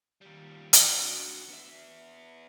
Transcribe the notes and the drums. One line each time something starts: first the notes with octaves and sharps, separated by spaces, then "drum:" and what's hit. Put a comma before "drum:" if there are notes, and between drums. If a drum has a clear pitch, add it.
D#2 G3
drum: hi-hat
D4 F#4
B3 E5